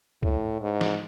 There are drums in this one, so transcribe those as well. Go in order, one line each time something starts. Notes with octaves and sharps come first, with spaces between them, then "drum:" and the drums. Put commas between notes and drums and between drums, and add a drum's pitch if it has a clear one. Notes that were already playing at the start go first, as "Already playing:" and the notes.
A2, drum: kick C#2
G#2
drum: snare